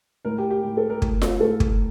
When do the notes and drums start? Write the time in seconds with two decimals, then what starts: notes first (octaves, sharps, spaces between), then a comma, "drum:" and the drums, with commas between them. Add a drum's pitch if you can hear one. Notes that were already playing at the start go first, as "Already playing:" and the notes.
0.25 A2 A#4
0.38 G4
0.51 G4
0.64 A2
0.77 A4
0.90 A#4
1.02 A2, drum: kick
1.22 drum: snare F4
1.40 A2 A4
1.60 drum: kick